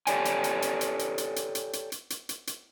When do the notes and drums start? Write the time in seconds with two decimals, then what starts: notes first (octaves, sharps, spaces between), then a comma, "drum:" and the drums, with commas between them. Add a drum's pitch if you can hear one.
0.07 G4 A4 C#5 D5 G#5, drum: hi-hat
0.25 drum: hi-hat
0.44 drum: hi-hat
0.62 drum: hi-hat
0.81 drum: hi-hat
0.99 drum: hi-hat
1.18 drum: hi-hat
1.36 drum: hi-hat
1.55 drum: hi-hat
1.73 drum: hi-hat
1.92 drum: hi-hat
2.10 drum: hi-hat
2.29 drum: hi-hat
2.47 drum: hi-hat